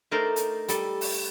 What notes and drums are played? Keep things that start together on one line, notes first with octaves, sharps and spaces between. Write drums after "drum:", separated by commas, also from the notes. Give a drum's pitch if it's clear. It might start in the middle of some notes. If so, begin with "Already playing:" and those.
A3 D#4 A#4 C5 D5
drum: hi-hat
G3 A4, drum: hi-hat
drum: open hi-hat